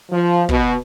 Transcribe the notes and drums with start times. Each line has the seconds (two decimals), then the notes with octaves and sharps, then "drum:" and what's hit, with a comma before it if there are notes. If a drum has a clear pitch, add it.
0.10 F3
0.49 B2, drum: kick